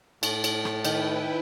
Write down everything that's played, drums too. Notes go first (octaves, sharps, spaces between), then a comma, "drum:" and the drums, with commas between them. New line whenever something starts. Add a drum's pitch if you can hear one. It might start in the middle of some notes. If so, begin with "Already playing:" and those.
A2, drum: cymbal
drum: cymbal
drum: rim click
D#3 E4 B4 G5, drum: cymbal